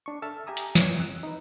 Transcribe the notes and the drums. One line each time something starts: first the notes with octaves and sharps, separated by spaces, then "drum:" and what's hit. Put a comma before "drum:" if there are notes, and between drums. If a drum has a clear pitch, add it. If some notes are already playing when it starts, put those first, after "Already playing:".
D4 C#6
A4 E5 A5 E6 F6
G4 E5 G#5 A#5 D#6 E6
drum: hi-hat
F#2 E3 C#5 D5, drum: snare
F2 E6 F#6
D#4 B4